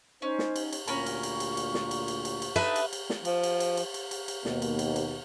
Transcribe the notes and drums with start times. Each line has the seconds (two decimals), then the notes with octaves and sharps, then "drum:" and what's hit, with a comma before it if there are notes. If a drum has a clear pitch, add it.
0.22 C#4 D#4 C5
0.39 drum: snare
0.56 drum: cymbal
0.73 drum: cymbal
0.88 D2 A#2 C#4 A#4 B5 C#6, drum: cymbal
1.06 drum: cymbal
1.23 drum: cymbal
1.40 drum: cymbal
1.57 drum: cymbal
1.74 drum: snare
1.91 drum: cymbal
2.08 drum: cymbal
2.25 drum: cymbal
2.42 drum: cymbal
2.56 D4 D#4 B4 E5
2.76 drum: cymbal
2.93 drum: cymbal
3.10 drum: snare
3.25 F3, drum: cymbal
3.43 drum: cymbal
3.60 drum: cymbal
3.77 drum: cymbal
3.94 drum: cymbal
4.11 drum: cymbal
4.28 drum: cymbal
4.45 D#2 B2 A#3, drum: snare
4.62 drum: cymbal
4.79 drum: cymbal
4.96 drum: cymbal